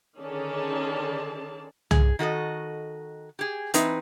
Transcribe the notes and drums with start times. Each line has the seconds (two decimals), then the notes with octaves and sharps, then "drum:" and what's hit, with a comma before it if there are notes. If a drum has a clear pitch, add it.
0.20 D3 D#3 C#4 G#4 D5 A5
1.91 G#4, drum: tom
2.19 D#3 F#4 A4 D#5
3.39 G4 G#4
3.74 E3 C4 D#4 B4, drum: hi-hat